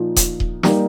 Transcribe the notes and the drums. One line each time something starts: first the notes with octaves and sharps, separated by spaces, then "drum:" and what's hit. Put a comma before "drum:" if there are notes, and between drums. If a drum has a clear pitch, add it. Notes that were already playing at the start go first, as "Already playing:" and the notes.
Already playing: A#2 F3 D#4
drum: kick D#1, hi-hat
drum: kick D#1
G3 A#3 D#4 G4, drum: snare